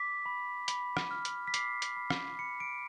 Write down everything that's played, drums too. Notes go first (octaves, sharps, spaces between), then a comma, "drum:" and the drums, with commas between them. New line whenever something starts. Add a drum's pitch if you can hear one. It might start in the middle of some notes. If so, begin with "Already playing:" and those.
Already playing: D6 B6
B5
B5, drum: hi-hat
drum: rim click
F6
drum: hi-hat
B6
D6 C7, drum: hi-hat
drum: hi-hat
B5
drum: rim click
B5 C#7
D7